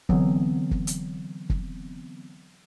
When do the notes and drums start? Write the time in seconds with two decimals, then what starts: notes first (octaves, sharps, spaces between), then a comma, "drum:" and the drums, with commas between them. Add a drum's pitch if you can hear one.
0.09 D3 E3 F#3 B3 C4, drum: kick
0.71 drum: kick
0.87 drum: hi-hat
1.50 drum: kick